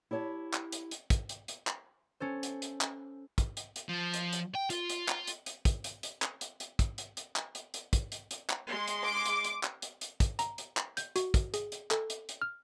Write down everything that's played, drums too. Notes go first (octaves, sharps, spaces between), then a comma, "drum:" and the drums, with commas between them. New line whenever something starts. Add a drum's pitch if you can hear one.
E4 G4 C#5 A5
drum: clap
drum: hi-hat
drum: hi-hat
drum: kick, hi-hat
drum: hi-hat
drum: hi-hat
drum: clap
C#4 A4 C5
drum: hi-hat
drum: hi-hat
drum: clap
drum: kick, hi-hat
drum: hi-hat
drum: hi-hat
F3
drum: hi-hat
drum: hi-hat
G5
F4, drum: hi-hat
drum: hi-hat
drum: clap
drum: hi-hat
drum: hi-hat
drum: kick, hi-hat
drum: hi-hat
drum: hi-hat
drum: clap
drum: hi-hat
drum: hi-hat
drum: kick, hi-hat
drum: hi-hat
drum: hi-hat
drum: clap
drum: hi-hat
drum: hi-hat
drum: kick, hi-hat
drum: hi-hat
drum: hi-hat
drum: clap
G#3 C6
drum: hi-hat
D6
drum: hi-hat
drum: hi-hat
drum: clap
drum: hi-hat
drum: hi-hat
drum: kick, hi-hat
A#5, drum: hi-hat
drum: hi-hat
drum: clap
G6, drum: hi-hat
F#4, drum: hi-hat
drum: kick, hi-hat
G#4, drum: hi-hat
drum: hi-hat
A4, drum: clap
drum: hi-hat
drum: hi-hat
F6